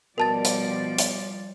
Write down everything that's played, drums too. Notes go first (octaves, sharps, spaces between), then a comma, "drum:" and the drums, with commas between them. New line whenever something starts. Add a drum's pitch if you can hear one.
B2 F3 G3 A#4 D5 A5 A6
drum: hi-hat
drum: hi-hat